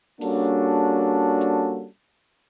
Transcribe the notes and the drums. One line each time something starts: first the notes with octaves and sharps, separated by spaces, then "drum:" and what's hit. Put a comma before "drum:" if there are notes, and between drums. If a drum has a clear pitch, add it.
G3 A#3 C#4 D4 F#4 A4, drum: open hi-hat
drum: hi-hat